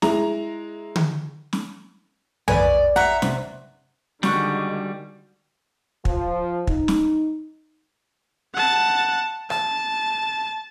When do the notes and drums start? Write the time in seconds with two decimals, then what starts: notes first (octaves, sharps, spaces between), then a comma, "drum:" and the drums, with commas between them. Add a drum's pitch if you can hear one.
0.02 G#3 E4 A#5, drum: snare
0.96 drum: tom D3
1.53 drum: snare
2.48 B4 D5 G#5, drum: tom
2.96 E5 F#5 A#5
3.22 C3, drum: snare
4.23 D3 D#3 G3 G#3 F#4 C#6 F#6, drum: snare
6.05 F3, drum: kick
6.67 D#4, drum: kick
6.88 drum: snare
8.54 F#5 A5
9.50 A5, drum: rim click